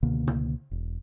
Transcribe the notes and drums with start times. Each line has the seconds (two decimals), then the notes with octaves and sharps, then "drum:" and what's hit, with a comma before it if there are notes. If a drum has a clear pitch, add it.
0.03 C#2 B2 D3 A#3
0.28 drum: tom C#3
0.71 E1